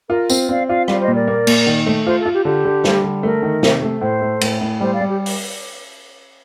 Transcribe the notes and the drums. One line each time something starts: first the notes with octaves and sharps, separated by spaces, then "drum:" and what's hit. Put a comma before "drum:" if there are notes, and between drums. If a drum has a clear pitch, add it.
F4 A#4
C4, drum: tambourine
C4 D5 F5
F4 D5 F5
G3 D5 F5, drum: rim click
C5 D#5
A#2
A#4 D5
A#3
A#2, drum: cymbal
D#3
A3
F4 C5
A4
F4
G4
D3 G4
D3
G3, drum: snare
D3
A3 A#4
D#3
C3, drum: snare
A3
A2 C5
A3
A2, drum: cymbal
A2
G3 C5
D5 F5
G3
G4
drum: open hi-hat